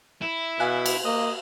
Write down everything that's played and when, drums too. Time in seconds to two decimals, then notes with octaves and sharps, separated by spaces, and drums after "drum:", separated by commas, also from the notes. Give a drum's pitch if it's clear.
0.22 E4
0.60 B2 F5 G#5 F#6
0.86 drum: cymbal
1.05 A#3 D#5